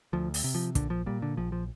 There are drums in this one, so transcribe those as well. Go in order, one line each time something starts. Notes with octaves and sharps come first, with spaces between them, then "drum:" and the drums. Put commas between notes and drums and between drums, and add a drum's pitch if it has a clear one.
D2 F3
drum: open hi-hat
C3
F3
A#1 D3, drum: kick, hi-hat
F3
A#2 G3
D3
A#1 F3
F3